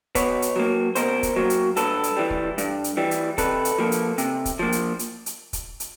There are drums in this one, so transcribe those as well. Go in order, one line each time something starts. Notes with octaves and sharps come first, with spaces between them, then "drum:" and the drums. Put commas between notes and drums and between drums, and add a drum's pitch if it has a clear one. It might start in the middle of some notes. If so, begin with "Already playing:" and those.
B2 B4 C#5, drum: kick, hi-hat
drum: hi-hat
F#3 A#3
B2 A#4 C5, drum: hi-hat
drum: kick, hi-hat
F#3 A#3
drum: hi-hat
G2 A4 B4, drum: hi-hat
drum: hi-hat
E3 G3
drum: kick
G2, drum: hi-hat
drum: hi-hat
E3 G3
drum: hi-hat
C3 A4 B4, drum: kick, hi-hat
drum: hi-hat
F3 A#3
drum: hi-hat
C3, drum: hi-hat
drum: kick, hi-hat
F3 A#3
drum: hi-hat
drum: hi-hat
drum: hi-hat
drum: kick, hi-hat
drum: hi-hat